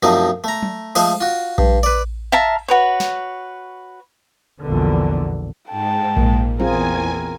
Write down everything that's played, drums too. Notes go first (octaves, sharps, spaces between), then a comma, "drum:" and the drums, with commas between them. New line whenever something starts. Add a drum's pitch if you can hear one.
F#2 C3 F3 A3 D#4
A3 A#5
drum: tom F#3
F3 G#3 A3 C5, drum: cymbal
F4 F#4
G2, drum: kick A#1
B4 D5
E5 F5 A5 A#5
F#4 B4 C#5
drum: snare
A#1 E2 B2 D3
G#2 G5 A5
A#2 A#3, drum: kick A#1
E2 C4 F4 G#4 A#4 G#5, drum: tom F#3